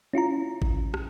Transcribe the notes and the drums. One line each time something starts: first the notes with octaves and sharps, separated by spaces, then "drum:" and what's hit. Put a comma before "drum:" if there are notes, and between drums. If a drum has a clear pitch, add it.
C#4 E4 F4 A#5
drum: kick G#1
drum: rim click